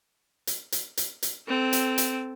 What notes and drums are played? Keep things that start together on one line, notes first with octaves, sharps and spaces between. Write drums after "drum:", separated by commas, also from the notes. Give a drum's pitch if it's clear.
drum: hi-hat
drum: hi-hat
drum: hi-hat
drum: hi-hat
C4 A4
drum: hi-hat
drum: hi-hat